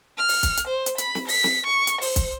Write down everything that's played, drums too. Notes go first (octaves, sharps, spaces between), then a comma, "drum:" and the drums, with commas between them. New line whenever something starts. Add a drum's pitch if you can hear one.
F6
drum: open hi-hat
drum: kick, hi-hat
drum: hi-hat
C5
drum: hi-hat
B5, drum: hi-hat
drum: snare
B6, drum: open hi-hat
drum: snare
C#6
drum: hi-hat
C5, drum: open hi-hat
drum: kick, hi-hat